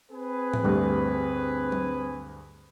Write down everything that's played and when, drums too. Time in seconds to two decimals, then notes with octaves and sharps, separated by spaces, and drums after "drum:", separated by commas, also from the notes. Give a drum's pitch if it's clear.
0.12 C4 G#4 B4
0.54 drum: tom A2
0.64 D2 G2 G3 A3 D4
1.72 drum: tom F#3